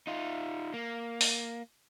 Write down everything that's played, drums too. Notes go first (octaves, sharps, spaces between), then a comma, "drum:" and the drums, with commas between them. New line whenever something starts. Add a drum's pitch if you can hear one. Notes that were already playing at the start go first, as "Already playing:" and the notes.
D#4 F4
A#3
drum: open hi-hat